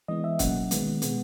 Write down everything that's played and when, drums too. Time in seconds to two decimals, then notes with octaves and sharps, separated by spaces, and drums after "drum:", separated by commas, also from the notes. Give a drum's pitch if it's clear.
0.08 E3 G#3 B3 D#5
0.24 E5
0.39 B2 F#3 A#3 C#4 F#5, drum: kick, hi-hat
0.71 D#3 G#3 B3, drum: hi-hat
1.02 B2 G#3 B3, drum: hi-hat